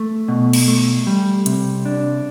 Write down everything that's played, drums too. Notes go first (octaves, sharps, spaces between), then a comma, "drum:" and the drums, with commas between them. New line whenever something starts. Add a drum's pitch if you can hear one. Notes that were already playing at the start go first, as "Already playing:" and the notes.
Already playing: A3
B2
drum: cymbal
A3
G3
C3, drum: hi-hat
D4